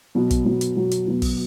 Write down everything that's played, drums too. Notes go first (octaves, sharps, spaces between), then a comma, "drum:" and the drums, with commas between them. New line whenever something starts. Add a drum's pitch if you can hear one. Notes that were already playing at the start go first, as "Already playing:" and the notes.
B2 F#3 B3
drum: kick, hi-hat
B2 F#3 B3
drum: hi-hat
B2 F#3 B3
drum: hi-hat
B2 F#3 B3
drum: kick, open hi-hat